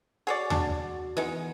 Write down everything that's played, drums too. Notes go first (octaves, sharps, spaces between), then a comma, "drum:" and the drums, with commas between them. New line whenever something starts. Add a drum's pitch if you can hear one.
F#4 G#4 C#5 D5
D4, drum: tom D#2
E3 G#3 B3 D#4 G#4